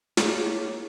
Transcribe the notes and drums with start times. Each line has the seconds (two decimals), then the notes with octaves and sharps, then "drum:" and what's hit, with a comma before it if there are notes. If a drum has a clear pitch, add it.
0.17 A#3 E4 G4 G#4 C#5, drum: snare